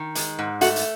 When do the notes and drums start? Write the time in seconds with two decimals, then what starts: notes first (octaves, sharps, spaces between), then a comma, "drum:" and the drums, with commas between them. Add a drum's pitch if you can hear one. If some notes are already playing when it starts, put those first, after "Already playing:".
Already playing: D#3
0.15 G#3, drum: hi-hat
0.39 G#2
0.61 A3 F#4, drum: hi-hat
0.76 drum: hi-hat